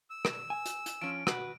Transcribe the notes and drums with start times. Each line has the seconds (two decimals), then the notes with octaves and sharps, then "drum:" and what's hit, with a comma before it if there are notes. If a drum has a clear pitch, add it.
0.10 E6
0.25 drum: rim click
0.50 G#5
0.66 drum: hi-hat
0.86 drum: hi-hat
1.01 F3 C#4 D7
1.27 F#4 B4, drum: rim click